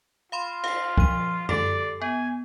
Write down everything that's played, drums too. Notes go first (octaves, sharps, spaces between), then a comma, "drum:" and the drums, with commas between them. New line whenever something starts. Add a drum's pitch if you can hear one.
F4 F5 B5 C6
F5 C7, drum: cymbal
F3 D#7, drum: kick
G4 A4 D5 C7, drum: tom F#2
B3 G#5